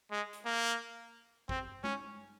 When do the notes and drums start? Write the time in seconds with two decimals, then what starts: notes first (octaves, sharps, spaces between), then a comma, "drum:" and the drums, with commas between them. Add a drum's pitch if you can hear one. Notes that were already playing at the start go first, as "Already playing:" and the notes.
0.11 G#3
0.33 drum: hi-hat
0.46 A#3
1.49 C4, drum: kick
1.84 C#4, drum: tom G#3